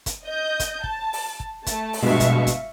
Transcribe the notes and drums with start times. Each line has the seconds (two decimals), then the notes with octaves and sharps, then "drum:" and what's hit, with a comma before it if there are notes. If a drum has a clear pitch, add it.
0.06 drum: kick, hi-hat
0.25 D#5 G6
0.60 drum: kick, hi-hat
0.84 A5, drum: kick
1.13 drum: open hi-hat
1.40 drum: kick
1.66 A3 A5, drum: kick, hi-hat
1.93 drum: open hi-hat
2.02 A#1 G2 B2 G#3 E5 F5 C#6
2.20 drum: kick, hi-hat
2.47 drum: kick, hi-hat